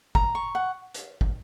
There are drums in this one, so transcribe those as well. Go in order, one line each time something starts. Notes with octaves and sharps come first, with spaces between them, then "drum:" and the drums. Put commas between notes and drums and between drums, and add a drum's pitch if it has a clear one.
A#5, drum: kick
C#6
F#5
drum: hi-hat
drum: kick